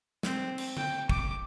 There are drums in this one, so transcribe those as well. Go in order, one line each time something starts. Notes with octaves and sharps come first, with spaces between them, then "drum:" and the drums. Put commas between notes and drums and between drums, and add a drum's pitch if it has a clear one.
C4, drum: snare
drum: cymbal
G5, drum: tom D3
D6, drum: kick